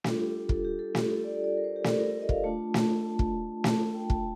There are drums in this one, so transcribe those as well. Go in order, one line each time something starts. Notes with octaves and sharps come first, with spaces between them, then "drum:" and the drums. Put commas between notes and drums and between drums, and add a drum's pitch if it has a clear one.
G3 D4 F4 A4, drum: snare
G4
A4, drum: kick
G4
A4
G4, drum: snare
A4
D5
D5
A#4
C5
G4
A4, drum: snare
A#4
D#5
F5, drum: kick
A3 D4 F4 A5
drum: snare
A5
drum: kick
A5, drum: snare
A5
G5
A5, drum: kick